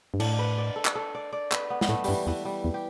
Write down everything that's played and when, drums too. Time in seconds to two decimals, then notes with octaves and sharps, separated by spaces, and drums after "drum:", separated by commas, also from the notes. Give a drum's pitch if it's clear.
0.14 G2
0.20 A2 D4, drum: cymbal
0.39 B4
0.58 D5
0.76 A4
0.85 drum: clap
0.95 A4
1.15 D5
1.33 D5
1.52 B4, drum: clap
1.70 B3
1.81 B3, drum: snare
1.89 A2 A3
2.04 G2 E3 G3, drum: open hi-hat
2.27 E2 E3
2.45 G3
2.64 E2
2.74 G4